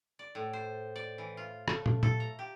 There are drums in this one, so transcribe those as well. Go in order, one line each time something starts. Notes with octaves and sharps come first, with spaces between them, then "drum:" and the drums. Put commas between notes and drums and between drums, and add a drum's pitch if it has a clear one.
D5
A2
C5
D5
E3
F4
A3, drum: rim click
drum: tom
A4, drum: tom
A#5
G4